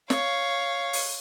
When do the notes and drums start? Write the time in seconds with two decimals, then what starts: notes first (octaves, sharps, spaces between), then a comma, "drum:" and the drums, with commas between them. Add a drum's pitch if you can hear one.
0.10 C#5 F5, drum: snare
0.93 drum: open hi-hat